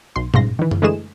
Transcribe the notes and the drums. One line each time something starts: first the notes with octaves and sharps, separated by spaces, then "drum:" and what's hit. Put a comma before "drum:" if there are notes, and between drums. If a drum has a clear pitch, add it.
B1 C6
G1 G#2 C#3 C6 A#6, drum: tom A#2
D#3 E3
drum: tom F#2
D3 E3 G#3 A3 G#4 E7